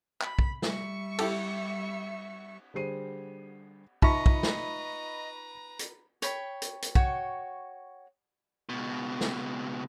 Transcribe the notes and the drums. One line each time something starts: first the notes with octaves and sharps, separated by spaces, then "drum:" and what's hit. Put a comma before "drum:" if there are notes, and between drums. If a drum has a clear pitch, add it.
B5, drum: clap
drum: kick
G3 E5 C#6, drum: snare
E4 G4 A4, drum: cymbal
D3 G3 G#4 C5 C7 D#7
D#4 F4 B4 D#5 E5 A#5 B5 C#6, drum: kick
drum: kick
drum: snare
drum: hi-hat
C#5 G5 B5, drum: hi-hat
drum: hi-hat
drum: hi-hat
F#4 C#5 G5, drum: kick
C#2 B2
drum: snare